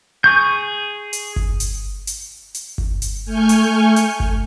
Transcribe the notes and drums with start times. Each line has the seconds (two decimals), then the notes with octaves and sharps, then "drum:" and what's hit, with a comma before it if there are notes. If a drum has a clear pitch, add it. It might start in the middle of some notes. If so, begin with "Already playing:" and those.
0.24 G#4 C#6 G6
1.13 drum: hi-hat
1.36 drum: kick G1
1.60 drum: hi-hat
2.07 drum: hi-hat
2.54 drum: hi-hat
2.78 drum: kick G1
3.02 drum: hi-hat
3.25 A3 G#5 C#6 F6 G6
3.49 drum: hi-hat
3.96 drum: hi-hat
4.20 drum: kick G1